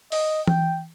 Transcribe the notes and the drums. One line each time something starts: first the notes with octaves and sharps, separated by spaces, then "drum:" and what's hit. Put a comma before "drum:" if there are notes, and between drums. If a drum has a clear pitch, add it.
D#5, drum: open hi-hat
G5, drum: tom E3